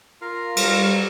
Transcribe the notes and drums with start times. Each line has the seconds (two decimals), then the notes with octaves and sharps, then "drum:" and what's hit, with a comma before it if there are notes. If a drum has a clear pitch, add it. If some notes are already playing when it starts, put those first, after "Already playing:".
0.22 F4 A#4 F5
0.56 G3, drum: cymbal